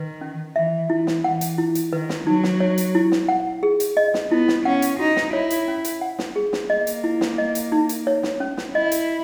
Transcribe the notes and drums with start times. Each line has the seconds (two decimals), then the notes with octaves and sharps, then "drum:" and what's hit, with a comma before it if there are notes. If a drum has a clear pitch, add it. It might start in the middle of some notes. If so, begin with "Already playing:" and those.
Already playing: D#3 B4
0.21 C#4
0.56 E3 E5
0.90 E3 E4
1.07 drum: snare
1.24 E3 F#5
1.41 drum: hi-hat
1.58 E4
1.75 drum: hi-hat
1.92 D#3 B4
2.09 drum: snare
2.27 F#3 D#4
2.43 drum: snare
2.60 C#5
2.78 drum: hi-hat
2.95 E4
3.12 drum: snare
3.28 F#5
3.63 G#4
3.80 drum: hi-hat
3.97 D#5
4.14 drum: snare
4.31 B3 E4
4.48 drum: snare
4.65 C#4 F#5
4.82 drum: hi-hat
4.99 D#4 F#4
5.16 drum: snare
5.33 E4 C#5
5.50 drum: hi-hat
5.68 C#4
5.85 drum: hi-hat
6.01 F#5
6.19 drum: snare
6.36 G#4
6.53 drum: snare
6.70 A#3 D#5
6.87 drum: hi-hat
7.04 E4
7.21 drum: snare
7.38 D#5
7.55 drum: hi-hat
7.72 D#4
7.89 drum: hi-hat
8.07 C#5
8.23 drum: snare
8.40 C#4
8.57 drum: snare
8.74 E4 D#5
8.92 drum: hi-hat